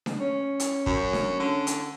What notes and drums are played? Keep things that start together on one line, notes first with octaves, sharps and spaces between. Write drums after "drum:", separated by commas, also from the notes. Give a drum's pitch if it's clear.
drum: snare D4
C#4
drum: hi-hat
F#2, drum: kick
drum: snare D4
D3
drum: hi-hat